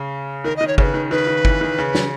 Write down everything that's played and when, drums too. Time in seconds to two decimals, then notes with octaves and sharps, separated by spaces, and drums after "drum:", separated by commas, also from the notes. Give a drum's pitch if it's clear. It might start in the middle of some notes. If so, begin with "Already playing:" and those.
Already playing: C#3
0.44 D#3 A#4
0.56 D#3 D#5
0.68 C#5
0.78 C#3 C#5, drum: kick
0.82 B4
0.94 D#3
1.11 D#3 B4
1.27 D#3
1.45 E3, drum: kick
1.61 D#3
1.78 C#3
1.95 drum: snare